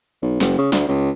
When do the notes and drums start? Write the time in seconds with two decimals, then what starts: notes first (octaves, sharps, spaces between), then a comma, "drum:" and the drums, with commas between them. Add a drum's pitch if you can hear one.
0.22 B1
0.40 F#1, drum: snare
0.58 C#3
0.72 D2, drum: snare
0.88 C#2